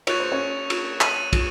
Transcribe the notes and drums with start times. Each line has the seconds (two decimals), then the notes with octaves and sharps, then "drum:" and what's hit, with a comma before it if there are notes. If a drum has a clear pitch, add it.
0.07 C#5 C#6 F#6 A6 C#7 F7, drum: cymbal
0.20 C5
0.32 C#4 C#5
0.70 drum: cymbal
1.01 A6 D#7 F#7, drum: clap
1.33 drum: kick, cymbal